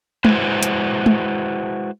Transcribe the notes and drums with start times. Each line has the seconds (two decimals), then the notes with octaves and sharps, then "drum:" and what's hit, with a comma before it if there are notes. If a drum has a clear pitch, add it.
0.25 G#3 E4 F#4 B4 C5, drum: tom G#3
0.63 drum: hi-hat
1.06 drum: tom G#3